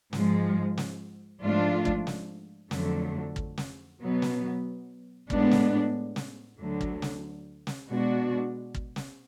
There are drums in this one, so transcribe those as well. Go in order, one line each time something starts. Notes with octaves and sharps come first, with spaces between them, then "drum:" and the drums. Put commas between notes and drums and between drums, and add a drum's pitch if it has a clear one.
G#2 F3 G#3, drum: snare
drum: snare
G#2 F3 A3 D4 F4
drum: kick
drum: snare
F2 D3 F#3 A3, drum: snare
drum: kick
drum: snare
B2 F#3 B3
drum: snare
A2 G#3 B3 D4, drum: kick
drum: snare
drum: snare
D2 D3 F#3
drum: kick
drum: snare
drum: snare
B2 G#3 D4 F#4
drum: kick
drum: snare